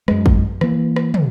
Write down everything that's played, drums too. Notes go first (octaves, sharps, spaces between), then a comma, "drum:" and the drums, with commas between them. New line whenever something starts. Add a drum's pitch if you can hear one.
F#2 G#3, drum: rim click
drum: kick
E3 A#3, drum: rim click
drum: rim click
drum: tom